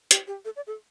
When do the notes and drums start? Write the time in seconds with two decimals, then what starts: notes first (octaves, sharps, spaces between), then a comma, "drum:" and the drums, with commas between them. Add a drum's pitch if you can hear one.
0.11 G4, drum: hi-hat
0.27 G4
0.45 A4
0.56 D5
0.67 A4